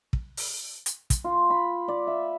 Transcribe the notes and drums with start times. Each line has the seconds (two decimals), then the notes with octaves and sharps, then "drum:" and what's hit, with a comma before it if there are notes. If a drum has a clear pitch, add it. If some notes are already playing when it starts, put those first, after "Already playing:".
0.13 drum: kick
0.37 drum: open hi-hat
0.86 drum: hi-hat
1.10 drum: kick, hi-hat
1.24 F4
1.50 B5
1.88 D5
2.07 E5